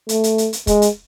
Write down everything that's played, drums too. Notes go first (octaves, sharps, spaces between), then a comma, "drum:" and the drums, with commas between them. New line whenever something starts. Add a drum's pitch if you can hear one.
A3, drum: hi-hat
drum: hi-hat
drum: hi-hat
drum: hi-hat
G#3, drum: kick, hi-hat
drum: hi-hat